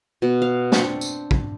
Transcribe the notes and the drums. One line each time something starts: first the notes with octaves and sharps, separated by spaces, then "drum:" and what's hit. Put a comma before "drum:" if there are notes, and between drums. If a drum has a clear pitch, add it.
B2
F5
C4 D4 G5 C#6, drum: snare
drum: tambourine
drum: kick